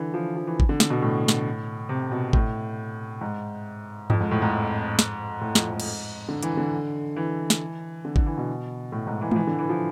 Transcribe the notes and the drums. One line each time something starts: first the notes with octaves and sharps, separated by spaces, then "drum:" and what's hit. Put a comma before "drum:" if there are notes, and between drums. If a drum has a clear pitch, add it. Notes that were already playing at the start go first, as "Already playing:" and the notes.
Already playing: D3 E3
F3
F3
E3
drum: kick G#1
D3
D3, drum: snare
B2
A2
drum: snare
C3
B2
A2, drum: kick G#1
G#2
F2, drum: tom G2
G#2
A2
G#2
drum: snare
A2
F2, drum: snare
G#2
drum: cymbal
D3
E3, drum: hi-hat
D3
E3
drum: snare
D3
D3, drum: kick G#1
E3
B2
A2
G#2
E3
F3, drum: tom G#3
E3
D3
E3
F3